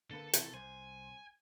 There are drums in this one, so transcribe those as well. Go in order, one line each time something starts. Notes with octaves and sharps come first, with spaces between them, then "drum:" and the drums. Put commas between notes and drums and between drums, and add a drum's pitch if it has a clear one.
D3 A#3 A4 B4
C3 E3, drum: hi-hat
C2 C5 G#5